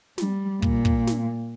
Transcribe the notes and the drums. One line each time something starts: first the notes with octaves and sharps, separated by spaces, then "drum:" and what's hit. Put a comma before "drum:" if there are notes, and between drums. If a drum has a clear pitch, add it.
G3, drum: snare
A#2, drum: kick
drum: kick
drum: snare